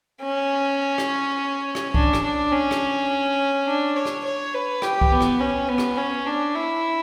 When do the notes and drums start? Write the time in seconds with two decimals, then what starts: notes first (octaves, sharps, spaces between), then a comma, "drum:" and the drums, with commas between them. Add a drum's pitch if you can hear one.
0.22 C#4
0.98 drum: rim click
1.75 drum: rim click
1.94 D4, drum: kick C2
2.13 drum: rim click
2.23 D4
2.52 C#4
2.71 drum: rim click
3.67 D4
3.96 C#5
4.05 drum: rim click
4.24 C#5
4.54 B4
4.82 G4, drum: rim click
5.01 drum: kick C2
5.11 B3
5.21 drum: rim click
5.40 C#4
5.68 B3
5.78 drum: rim click
5.97 C#4
6.26 D4
6.55 E4